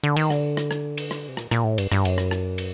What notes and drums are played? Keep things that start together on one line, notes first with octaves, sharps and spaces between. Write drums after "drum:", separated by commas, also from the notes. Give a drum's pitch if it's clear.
D3
D#3, drum: cymbal
D3, drum: rim click
drum: rim click
drum: rim click
drum: cymbal
drum: rim click
C3
A#2, drum: rim click
A#2, drum: rim click
A2
G2, drum: cymbal
G2, drum: rim click
F#2, drum: cymbal
drum: rim click
drum: rim click
drum: cymbal